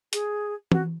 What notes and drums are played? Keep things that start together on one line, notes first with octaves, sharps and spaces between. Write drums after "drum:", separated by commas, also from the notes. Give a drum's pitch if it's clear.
G#4, drum: hi-hat
F#4, drum: tom